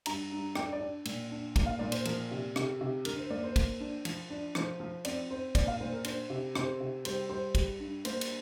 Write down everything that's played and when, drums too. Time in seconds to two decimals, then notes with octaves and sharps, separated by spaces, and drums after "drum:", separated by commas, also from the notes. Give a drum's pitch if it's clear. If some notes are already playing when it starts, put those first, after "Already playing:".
0.06 G2 A#5, drum: cymbal
0.32 G2
0.55 D4 G5, drum: rim click
0.73 D5
0.81 D4
1.05 A#2, drum: cymbal
1.31 D4
1.56 A#2, drum: kick, cymbal
1.66 F5
1.79 A#2 D5
1.92 C5, drum: cymbal
2.05 F3 A#4, drum: cymbal
2.31 C3
2.56 C3, drum: rim click
2.81 C3
3.05 D3 A#4, drum: cymbal
3.18 C5
3.30 A#3 D5
3.44 C5
3.56 A#3, drum: kick, cymbal
3.80 D4
4.05 F3, drum: cymbal
4.30 D4
4.55 F3 C5, drum: rim click
4.80 F3
5.05 C4 D5, drum: cymbal
5.30 C4 C5
5.55 A#2 D5, drum: kick, cymbal
5.67 F5
5.80 A#2 C5
5.93 A#4
6.04 D4 C5, drum: cymbal
6.30 C3
6.55 C3 C5, drum: rim click
6.80 C3
7.05 G3 C5, drum: cymbal
7.29 G3 C5
7.55 G3, drum: kick, cymbal
7.80 G2
8.05 A#3 C5, drum: cymbal
8.21 drum: cymbal